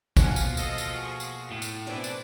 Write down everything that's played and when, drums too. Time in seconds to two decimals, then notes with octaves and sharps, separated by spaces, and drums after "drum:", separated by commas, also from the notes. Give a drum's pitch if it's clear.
0.17 B2 F3 A#3 F4 F#5 G#5, drum: kick, tambourine
0.36 drum: tambourine
0.57 A4 D#5, drum: tambourine
0.78 drum: tambourine
0.93 F#4 G#4
1.20 drum: tambourine
1.51 A2
1.62 drum: tambourine
1.87 B2 E3 C4 D4 B4 C5 D5
2.04 drum: tambourine